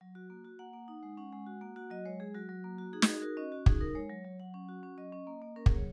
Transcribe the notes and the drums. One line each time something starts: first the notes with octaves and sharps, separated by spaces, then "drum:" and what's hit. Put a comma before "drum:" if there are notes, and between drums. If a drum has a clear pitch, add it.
F#3
F#4
A#3
F#4
A#3 F#5
A#3
D#4
G#3
C#4 F#5
G#3
F#4
A#3
F#4 F#5
F#3 D#5
G#3 C#5
G#3 G#4
F#3 F#4
F#3
A#3
F#4
D#4 G#4
F#4, drum: snare
D#4 G#4
F#4 A#4
C#4 D#5
F#4
D#4 G#4, drum: kick
D#4 A#4
G#3 C#5
F#3
F#3
F#3 F#5
C#4
F#4
C#4
F#3 D#5
C#4
A#3
A#3
C#4 A#4
G#4, drum: kick
F#3 C#5